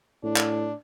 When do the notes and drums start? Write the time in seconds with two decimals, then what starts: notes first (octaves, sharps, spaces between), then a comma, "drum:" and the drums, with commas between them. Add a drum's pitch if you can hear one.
0.24 A2 D4
0.36 drum: clap